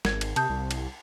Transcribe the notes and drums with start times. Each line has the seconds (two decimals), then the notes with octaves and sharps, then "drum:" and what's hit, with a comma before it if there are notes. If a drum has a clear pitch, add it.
0.05 G#1 A#4 G#6, drum: snare
0.21 drum: cymbal
0.36 C3 A5 D#6 G6, drum: cymbal
0.50 C2
0.71 drum: cymbal